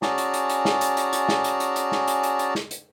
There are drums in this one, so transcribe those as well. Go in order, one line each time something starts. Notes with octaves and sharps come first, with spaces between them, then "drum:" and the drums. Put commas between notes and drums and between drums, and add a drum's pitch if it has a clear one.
C#4 F#4 G#4 D5 A5 A#5, drum: snare
drum: hi-hat
drum: hi-hat
drum: hi-hat
drum: snare
drum: hi-hat
drum: hi-hat
drum: hi-hat
drum: snare
drum: hi-hat
drum: hi-hat
drum: hi-hat
drum: snare
drum: hi-hat
drum: hi-hat
drum: hi-hat
drum: snare
drum: hi-hat